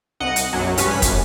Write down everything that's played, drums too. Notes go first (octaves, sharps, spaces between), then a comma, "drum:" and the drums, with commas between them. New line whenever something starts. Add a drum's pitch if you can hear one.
C2 D#5 F#5 C#7
drum: hi-hat
B1 F#2 F#3
C#2 G2 C#4 B4 B6, drum: hi-hat
A#1 F#2, drum: kick, hi-hat